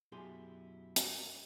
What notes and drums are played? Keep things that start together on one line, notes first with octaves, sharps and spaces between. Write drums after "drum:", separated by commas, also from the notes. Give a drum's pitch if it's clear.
F#2 B2 E4 G4 G#4 C6
drum: hi-hat